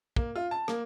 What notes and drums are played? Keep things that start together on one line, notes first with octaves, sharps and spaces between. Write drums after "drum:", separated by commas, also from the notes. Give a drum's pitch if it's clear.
A#3, drum: kick
F4
A5
A#3, drum: rim click